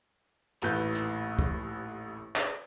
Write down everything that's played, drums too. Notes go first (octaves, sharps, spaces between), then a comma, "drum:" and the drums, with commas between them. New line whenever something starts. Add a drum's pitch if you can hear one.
D#1 A1 A2 B4 G6, drum: hi-hat
drum: hi-hat
drum: kick
drum: clap